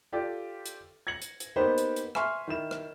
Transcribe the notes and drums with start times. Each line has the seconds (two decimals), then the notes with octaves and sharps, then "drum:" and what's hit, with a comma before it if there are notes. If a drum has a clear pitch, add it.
0.13 F4 G4 A4 D5
0.66 drum: hi-hat
1.07 G#6 A#6 C#7 F#7
1.22 drum: hi-hat
1.40 drum: hi-hat
1.56 A#3 B3 D#4 G4 B4 C5
1.78 drum: hi-hat
1.96 drum: hi-hat
2.15 E5 G#5 C6 C#6 F6, drum: rim click
2.48 D#3 E4 E7
2.71 drum: rim click